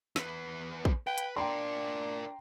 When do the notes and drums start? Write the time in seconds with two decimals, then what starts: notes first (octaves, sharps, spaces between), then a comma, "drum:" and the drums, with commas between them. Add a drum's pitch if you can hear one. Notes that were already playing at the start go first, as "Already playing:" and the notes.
0.16 E2 B4, drum: snare
0.85 drum: kick
1.07 B4 G5
1.18 drum: hi-hat
1.36 D4 A#4 D5 G5 A#5 C6